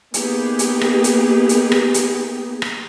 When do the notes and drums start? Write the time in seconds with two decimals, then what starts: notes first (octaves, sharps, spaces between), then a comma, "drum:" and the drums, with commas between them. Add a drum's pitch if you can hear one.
0.14 A#3 B3 D#4 G4 G#4, drum: hi-hat
0.59 drum: hi-hat
0.81 drum: rim click
1.04 drum: hi-hat
1.49 drum: hi-hat
1.72 drum: rim click
1.94 drum: hi-hat
2.62 drum: rim click